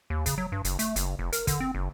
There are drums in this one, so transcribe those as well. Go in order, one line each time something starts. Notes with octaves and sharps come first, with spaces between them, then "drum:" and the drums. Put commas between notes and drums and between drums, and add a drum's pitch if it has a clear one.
D#2
C#3, drum: kick, hi-hat
F#3
G2
F#1, drum: hi-hat
A3, drum: hi-hat
F#1, drum: hi-hat
F1
A#4, drum: hi-hat
D3, drum: kick, hi-hat
C4
F#1